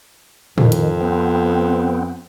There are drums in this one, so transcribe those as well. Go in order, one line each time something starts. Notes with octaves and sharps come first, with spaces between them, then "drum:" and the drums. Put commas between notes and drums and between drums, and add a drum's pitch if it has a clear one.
F2 D#3, drum: tom A2
drum: hi-hat
B3 C4